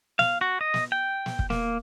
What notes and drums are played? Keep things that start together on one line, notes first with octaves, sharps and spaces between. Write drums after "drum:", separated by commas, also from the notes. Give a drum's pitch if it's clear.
F5, drum: snare
F#4
D#5
drum: snare
G5
drum: snare
drum: kick
A#3, drum: snare